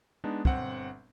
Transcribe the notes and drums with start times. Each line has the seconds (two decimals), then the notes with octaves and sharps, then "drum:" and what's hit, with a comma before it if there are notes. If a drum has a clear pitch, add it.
0.24 G#3 B3 D4 D#4
0.45 G1 C4 F#5, drum: kick